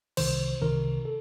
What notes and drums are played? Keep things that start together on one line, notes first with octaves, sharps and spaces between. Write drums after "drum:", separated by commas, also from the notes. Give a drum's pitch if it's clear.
C2 C3 D#3 C5, drum: cymbal
C2 C3 D#3 A#4
A4